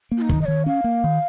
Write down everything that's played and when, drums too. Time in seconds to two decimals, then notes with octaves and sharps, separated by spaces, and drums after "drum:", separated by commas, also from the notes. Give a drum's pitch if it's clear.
0.12 A#3
0.17 F4
0.21 D#4
0.29 D#3, drum: kick
0.42 D#5
0.46 D#3 C#5
0.66 C#4 F5
0.84 A#3
1.04 D#3